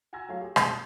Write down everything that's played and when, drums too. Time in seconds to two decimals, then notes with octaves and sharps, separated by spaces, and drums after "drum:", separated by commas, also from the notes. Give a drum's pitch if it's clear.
0.13 F#5 G#5 A#5 E6 G#6 A#6
0.29 F#3 A3 F4 A4 C#5 F5
0.41 G4 G#4
0.56 F#2 B2 G3 G#3 A#3, drum: rim click
0.68 C6 D#6